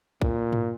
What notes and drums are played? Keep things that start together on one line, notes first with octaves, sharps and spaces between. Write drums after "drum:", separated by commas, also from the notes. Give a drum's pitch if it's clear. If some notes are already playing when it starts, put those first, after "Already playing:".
A#2, drum: kick
drum: tom